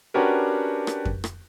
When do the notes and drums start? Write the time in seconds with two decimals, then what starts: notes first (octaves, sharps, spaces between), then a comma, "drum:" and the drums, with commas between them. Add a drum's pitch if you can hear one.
0.14 C#4 D4 F#4 G4 A#4 B4
0.87 drum: rim click
1.05 drum: kick F2
1.24 drum: rim click